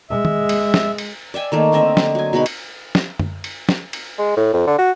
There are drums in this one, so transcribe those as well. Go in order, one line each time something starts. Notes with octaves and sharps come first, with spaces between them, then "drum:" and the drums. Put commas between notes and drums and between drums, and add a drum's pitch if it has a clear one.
G#3 E5
drum: tom D#3
drum: cymbal
drum: snare
drum: cymbal
D5 E5 G5 G#5
D#3 A3 A#3
D3 C4 D#5 E5
D3 D#5, drum: snare
F#3 G#5
B2 G#3 D#4 B5
drum: cymbal
drum: snare
drum: tom F#2
drum: cymbal
drum: snare
drum: cymbal
G#3
A2
F2
D3
F#4